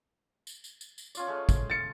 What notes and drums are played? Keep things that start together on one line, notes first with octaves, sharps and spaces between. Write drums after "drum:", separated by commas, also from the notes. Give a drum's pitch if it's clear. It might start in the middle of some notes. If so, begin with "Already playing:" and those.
drum: tambourine
drum: tambourine
drum: tambourine
drum: tambourine
C#4 F4 D5, drum: tambourine
G#3 A3 C#4
drum: kick, tambourine
A6 C#7